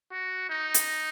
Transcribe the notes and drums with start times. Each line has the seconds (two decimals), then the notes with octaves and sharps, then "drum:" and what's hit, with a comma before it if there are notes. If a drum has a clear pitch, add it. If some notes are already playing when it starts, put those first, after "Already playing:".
0.11 F#4
0.50 D#4
0.74 drum: hi-hat